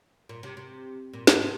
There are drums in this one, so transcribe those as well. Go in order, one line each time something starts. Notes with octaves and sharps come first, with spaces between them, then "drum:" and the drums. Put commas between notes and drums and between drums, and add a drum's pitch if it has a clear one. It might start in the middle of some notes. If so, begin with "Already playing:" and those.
A#2
C3
C3
A#2
G#2, drum: snare
C3